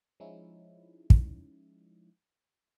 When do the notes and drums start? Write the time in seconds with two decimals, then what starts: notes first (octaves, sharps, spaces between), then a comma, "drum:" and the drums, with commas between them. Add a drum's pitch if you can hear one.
0.20 F3 G#3 C#4 D#4 E4
1.10 drum: kick